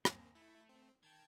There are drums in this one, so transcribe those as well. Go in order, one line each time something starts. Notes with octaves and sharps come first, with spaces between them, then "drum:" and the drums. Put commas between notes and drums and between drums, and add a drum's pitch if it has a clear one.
D#2 A#3 C4, drum: rim click
A3 E4
C4
D#3 G5 A5 G#6